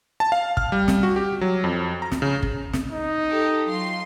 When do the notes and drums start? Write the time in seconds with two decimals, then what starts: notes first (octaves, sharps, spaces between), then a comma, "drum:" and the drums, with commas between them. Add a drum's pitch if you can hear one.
0.20 A5
0.32 F5
0.57 F6, drum: kick
0.72 G3
0.88 drum: snare
1.03 F#4
1.16 G4
1.41 F#3
1.64 F2
2.02 A#5
2.12 drum: snare
2.22 C#3
2.43 drum: kick
2.73 drum: snare
2.91 D#4
3.28 G4 A4
3.67 F#3 F4 C6